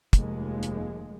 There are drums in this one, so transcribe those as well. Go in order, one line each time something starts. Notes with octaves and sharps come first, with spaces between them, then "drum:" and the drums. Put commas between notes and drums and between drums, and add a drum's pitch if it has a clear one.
F1 D#2 F3 G#3, drum: kick, hi-hat
drum: hi-hat